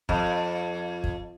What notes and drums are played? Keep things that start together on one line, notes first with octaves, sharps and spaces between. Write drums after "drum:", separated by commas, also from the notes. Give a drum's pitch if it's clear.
F2, drum: kick
drum: kick